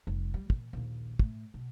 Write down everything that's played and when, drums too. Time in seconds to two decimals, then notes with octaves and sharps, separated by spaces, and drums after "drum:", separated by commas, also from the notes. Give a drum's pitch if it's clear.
0.07 F1 G3
0.34 G3
0.50 A#2 E3, drum: kick
0.73 A#1 D#2
1.19 A2, drum: kick
1.54 B2